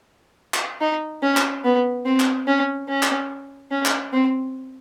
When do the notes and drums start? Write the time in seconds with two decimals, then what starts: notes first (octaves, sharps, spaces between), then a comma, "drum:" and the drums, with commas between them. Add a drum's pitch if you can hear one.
0.54 drum: clap
0.81 D#4
1.23 C#4
1.37 drum: clap
1.65 B3
2.06 C4
2.20 drum: clap
2.48 C#4
2.88 C#4
3.03 drum: clap
3.71 C#4
3.85 drum: clap
4.13 C4